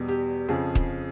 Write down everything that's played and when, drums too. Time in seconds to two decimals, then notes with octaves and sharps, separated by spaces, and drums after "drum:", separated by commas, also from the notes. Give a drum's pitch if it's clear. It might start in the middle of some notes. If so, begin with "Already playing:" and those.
Already playing: E2 B2 G3
0.08 G4
0.48 F2 C#3 F3 G#4
0.75 drum: kick